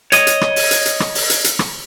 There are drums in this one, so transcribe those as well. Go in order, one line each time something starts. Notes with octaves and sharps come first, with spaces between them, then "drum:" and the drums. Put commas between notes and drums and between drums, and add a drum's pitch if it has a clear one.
C#5 D#5, drum: hi-hat
drum: hi-hat
drum: rim click
drum: open hi-hat
drum: hi-hat
drum: hi-hat
drum: rim click
drum: open hi-hat
drum: hi-hat
drum: hi-hat
drum: rim click